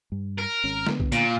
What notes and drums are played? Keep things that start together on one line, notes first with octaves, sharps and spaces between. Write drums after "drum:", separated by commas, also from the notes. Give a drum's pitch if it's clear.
G2
A#4
G#1 C#4
D3 B3, drum: snare
drum: kick
A#2, drum: hi-hat